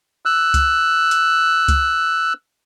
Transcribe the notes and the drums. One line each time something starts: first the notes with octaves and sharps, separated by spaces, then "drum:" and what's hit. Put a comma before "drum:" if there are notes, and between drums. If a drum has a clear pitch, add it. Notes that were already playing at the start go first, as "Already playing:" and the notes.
E6 F#6
drum: kick C#2, hi-hat
drum: hi-hat
drum: kick C#2, hi-hat